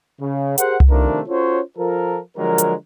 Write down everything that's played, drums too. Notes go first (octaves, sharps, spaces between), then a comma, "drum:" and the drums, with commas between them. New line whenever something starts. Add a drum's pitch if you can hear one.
C#3
G4 G#4 A#4 C5 F#5, drum: hi-hat
drum: tom C2
C3 D#3 F3 A3 D4 A#4
C#4 F4 F#4 A4 C5 C#5
F3 F4 A4 A#4
D3 F3 F#3 G#3 A#4
drum: hi-hat